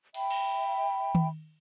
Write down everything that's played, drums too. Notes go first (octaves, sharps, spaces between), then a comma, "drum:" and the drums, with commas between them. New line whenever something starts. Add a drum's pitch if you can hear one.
E5 G5 B5, drum: open hi-hat
drum: cymbal
drum: tom D#3